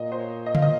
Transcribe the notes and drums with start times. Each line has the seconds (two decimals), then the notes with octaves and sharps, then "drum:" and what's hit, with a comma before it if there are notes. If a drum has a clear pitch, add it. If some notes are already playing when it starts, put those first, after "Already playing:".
Already playing: A#2 D#5
0.12 C5
0.20 C#5
0.46 D#5
0.55 F5, drum: tom C#3
0.62 D#5